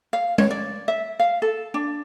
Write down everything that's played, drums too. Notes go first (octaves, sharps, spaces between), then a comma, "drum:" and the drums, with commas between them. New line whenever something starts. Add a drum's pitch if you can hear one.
F5
C#5, drum: tom G#3
D5
E5
F5
A4
D4